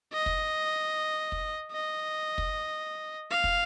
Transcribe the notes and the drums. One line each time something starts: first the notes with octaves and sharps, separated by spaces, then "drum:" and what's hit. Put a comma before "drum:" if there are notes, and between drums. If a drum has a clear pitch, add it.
D#5
drum: kick
drum: kick
D#5
drum: kick
F5
drum: kick